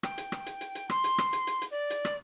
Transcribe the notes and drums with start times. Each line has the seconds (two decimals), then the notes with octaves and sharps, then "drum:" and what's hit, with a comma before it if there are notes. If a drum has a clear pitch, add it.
0.03 G5, drum: rim click
0.18 drum: hi-hat
0.32 drum: rim click
0.46 drum: hi-hat
0.61 drum: hi-hat
0.75 drum: hi-hat
0.89 C6, drum: rim click
1.04 drum: hi-hat
1.18 drum: rim click
1.33 drum: hi-hat
1.47 drum: hi-hat
1.62 drum: hi-hat
1.71 D5
1.90 drum: hi-hat
2.05 drum: rim click